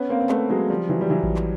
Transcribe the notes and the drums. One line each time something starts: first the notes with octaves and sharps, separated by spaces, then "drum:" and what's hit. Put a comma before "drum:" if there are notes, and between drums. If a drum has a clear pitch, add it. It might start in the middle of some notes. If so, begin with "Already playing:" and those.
Already playing: B3 C#4
A#3 C4
C4
A3 B3, drum: clap
F#3 G#3
F3 G3
E3 F#3
G3
E3 F#3
drum: kick A1
drum: clap